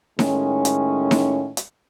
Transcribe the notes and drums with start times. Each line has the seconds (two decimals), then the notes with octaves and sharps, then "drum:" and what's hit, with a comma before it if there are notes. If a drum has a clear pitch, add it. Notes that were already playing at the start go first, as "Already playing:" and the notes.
0.19 A2 D#3 G#3 C#4, drum: snare D#4
0.65 drum: hi-hat
1.11 drum: snare D#4
1.57 drum: hi-hat